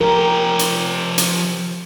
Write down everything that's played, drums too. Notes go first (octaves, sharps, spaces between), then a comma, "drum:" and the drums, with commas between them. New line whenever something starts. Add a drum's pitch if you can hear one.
F3 G4 A#4
drum: hi-hat
drum: hi-hat